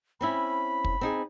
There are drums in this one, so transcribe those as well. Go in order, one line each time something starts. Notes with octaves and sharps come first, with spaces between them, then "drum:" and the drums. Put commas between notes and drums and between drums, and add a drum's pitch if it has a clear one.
C4 C#4 E4 B5
drum: kick
C4 D#4 G#4